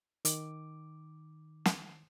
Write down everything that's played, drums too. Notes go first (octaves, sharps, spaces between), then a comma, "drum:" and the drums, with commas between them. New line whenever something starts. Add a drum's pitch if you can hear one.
D#3 D6, drum: hi-hat
drum: snare